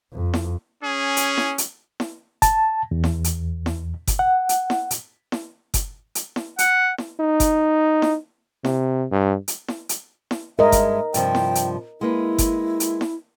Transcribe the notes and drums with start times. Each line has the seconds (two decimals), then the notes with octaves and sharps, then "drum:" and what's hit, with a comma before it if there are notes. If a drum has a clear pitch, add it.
0.13 F2
0.34 drum: snare E4
0.83 C#4 G#4
1.17 drum: hi-hat
1.37 drum: snare E4
1.58 drum: hi-hat
2.00 drum: snare E4
2.42 A5, drum: kick F#1, hi-hat
2.91 E2
3.04 drum: snare E4
3.24 drum: hi-hat
3.66 drum: snare E4
4.07 drum: kick F#1, hi-hat
4.19 F#5
4.49 drum: hi-hat
4.70 drum: snare E4
4.91 drum: hi-hat
5.32 drum: snare E4
5.74 drum: kick F#1, hi-hat
6.15 drum: hi-hat
6.36 drum: snare E4
6.59 F#5, drum: hi-hat
6.98 drum: snare E4
7.20 D#4
7.40 drum: kick F#1, hi-hat
8.02 drum: snare E4
8.65 C3, drum: snare E4
9.11 G2
9.48 drum: hi-hat
9.68 drum: snare E4
9.89 drum: hi-hat
10.31 drum: snare E4
10.59 G2 G#3 A#4 D#5 E5
10.72 drum: kick F#1, hi-hat
11.14 G2 C3 F3 G5, drum: hi-hat
11.35 drum: snare E4
11.55 drum: hi-hat
12.01 G#3 A#3 E4 B4
12.38 drum: kick F#1, hi-hat
12.80 drum: hi-hat
13.01 drum: snare E4